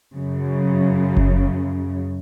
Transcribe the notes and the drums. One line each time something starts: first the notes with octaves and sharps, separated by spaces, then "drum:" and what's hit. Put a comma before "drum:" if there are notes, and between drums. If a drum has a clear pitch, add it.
F#2 C#3
drum: kick F#1